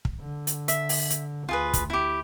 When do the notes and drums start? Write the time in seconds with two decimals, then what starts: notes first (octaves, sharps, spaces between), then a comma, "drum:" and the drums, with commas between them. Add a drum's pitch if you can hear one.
0.05 drum: kick
0.20 D3
0.47 drum: hi-hat
0.68 E5, drum: hi-hat
0.89 drum: open hi-hat
1.10 drum: hi-hat
1.49 D2 F4 G#4 B4
1.73 drum: kick, hi-hat
1.90 E4 G4